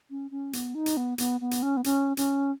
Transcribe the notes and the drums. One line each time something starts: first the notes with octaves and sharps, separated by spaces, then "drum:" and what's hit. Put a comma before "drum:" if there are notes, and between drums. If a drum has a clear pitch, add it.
C#4
C#4
B3, drum: hi-hat
D#4
drum: hi-hat
B3
B3, drum: hi-hat
B3
drum: hi-hat
C#4
B3
C#4, drum: hi-hat
C#4, drum: hi-hat